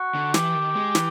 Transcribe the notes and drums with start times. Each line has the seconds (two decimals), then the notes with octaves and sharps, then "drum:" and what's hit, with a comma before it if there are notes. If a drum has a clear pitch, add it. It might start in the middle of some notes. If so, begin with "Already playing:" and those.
Already playing: F#4
0.15 D3
0.34 E3 G4, drum: snare
0.55 D#3
0.75 G#3
0.95 E3, drum: snare